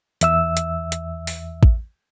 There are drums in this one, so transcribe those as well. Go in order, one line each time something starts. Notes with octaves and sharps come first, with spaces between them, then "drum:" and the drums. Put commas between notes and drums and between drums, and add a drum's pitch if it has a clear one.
E2 E5 E6, drum: hi-hat
drum: hi-hat
drum: hi-hat
drum: open hi-hat
drum: kick A1